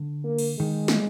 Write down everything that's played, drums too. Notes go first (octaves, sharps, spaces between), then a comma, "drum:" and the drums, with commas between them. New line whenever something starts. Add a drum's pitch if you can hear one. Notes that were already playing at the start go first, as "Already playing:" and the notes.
Already playing: D3
A#3
drum: cymbal
D#3 G#3
drum: snare